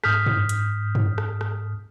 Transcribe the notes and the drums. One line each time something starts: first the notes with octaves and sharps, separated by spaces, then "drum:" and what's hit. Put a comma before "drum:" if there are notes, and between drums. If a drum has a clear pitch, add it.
G#2 D#6 F6 G6 B6, drum: rim click
drum: tom
drum: hi-hat
drum: tom
drum: rim click
drum: rim click